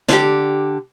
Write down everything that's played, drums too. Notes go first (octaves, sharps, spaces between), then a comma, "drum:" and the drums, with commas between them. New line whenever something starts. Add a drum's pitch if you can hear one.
D3 G4, drum: snare